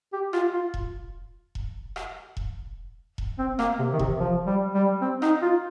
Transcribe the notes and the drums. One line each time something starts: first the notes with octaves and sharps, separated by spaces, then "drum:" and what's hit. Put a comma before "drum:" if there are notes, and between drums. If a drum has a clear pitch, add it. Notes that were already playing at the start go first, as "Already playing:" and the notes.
G4
F4, drum: rim click
F4
drum: kick E1
drum: kick E1
drum: rim click
drum: kick E1
drum: kick E1
C4
A#3, drum: rim click
C3
D#3
C3, drum: kick E1
F3
G3
G3
C4
D#4, drum: rim click
F4